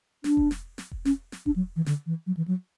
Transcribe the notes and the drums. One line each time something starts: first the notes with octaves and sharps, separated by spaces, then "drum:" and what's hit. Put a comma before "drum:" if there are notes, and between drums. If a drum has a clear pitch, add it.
D4, drum: snare
drum: kick E1
drum: snare
drum: snare
drum: kick E1
C#4, drum: snare
drum: snare
D4, drum: kick E1
F#3
E3
D3, drum: snare
E3
F#3
E3
F#3